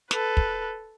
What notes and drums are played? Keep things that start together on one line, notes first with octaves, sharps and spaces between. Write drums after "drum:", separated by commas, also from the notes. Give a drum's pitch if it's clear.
A4 B4, drum: snare
drum: kick